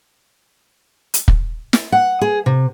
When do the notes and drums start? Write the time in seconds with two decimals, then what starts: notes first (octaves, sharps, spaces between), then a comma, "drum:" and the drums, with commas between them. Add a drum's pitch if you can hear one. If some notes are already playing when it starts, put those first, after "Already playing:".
1.14 drum: hi-hat
1.28 drum: kick
1.73 drum: snare
1.92 F#5
2.21 G#4
2.46 C3